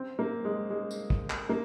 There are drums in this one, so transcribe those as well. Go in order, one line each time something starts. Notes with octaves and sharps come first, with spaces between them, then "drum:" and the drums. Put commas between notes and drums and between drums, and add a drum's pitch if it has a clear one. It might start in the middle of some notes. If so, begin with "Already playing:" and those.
Already playing: C4
A#3
G#3
G#3
drum: tambourine
drum: kick
drum: clap
A#3